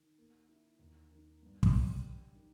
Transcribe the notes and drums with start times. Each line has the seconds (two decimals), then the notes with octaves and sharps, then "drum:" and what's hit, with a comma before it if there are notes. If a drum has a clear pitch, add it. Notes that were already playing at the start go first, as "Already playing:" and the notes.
Already playing: D#3
0.18 A#3
0.49 E4
0.79 D#2
1.12 D#3
1.43 G2
1.63 drum: kick
1.73 G3
2.04 G2
2.35 D#3